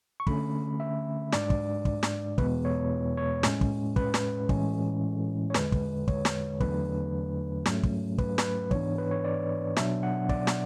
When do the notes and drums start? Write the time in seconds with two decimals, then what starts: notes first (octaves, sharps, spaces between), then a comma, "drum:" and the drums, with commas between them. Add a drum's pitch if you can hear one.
0.20 C#6
0.27 D3 A3 C#4 B5, drum: kick
0.80 E5
1.33 G#2 G#3 D4 D5, drum: snare
1.50 drum: kick
1.85 drum: kick
2.03 drum: snare
2.38 E2 B2 G#3 B3 B4, drum: kick
2.65 C#5
3.17 C#5
3.43 A2 G#3 C#4, drum: snare
3.61 drum: kick
3.96 B4, drum: kick
4.14 drum: snare
4.49 A2 E3 G#3 C#4, drum: kick
5.50 C#5
5.54 E2 D3 G#3 B4, drum: snare
5.72 drum: kick
6.08 C#5, drum: kick
6.25 drum: snare
6.60 E2 D3 F#3 A3 D4 B4, drum: kick
7.66 G#2 F#3 A3 C#4, drum: snare
7.83 drum: kick
8.18 B4, drum: kick
8.38 B4, drum: snare
8.71 G#2 E3 B3 D4 C#5, drum: kick
8.98 B4
9.11 C#5
9.24 D5
9.77 B2 F#3 B3 D4 E5, drum: snare
10.03 F#5
10.29 D5, drum: kick
10.47 drum: snare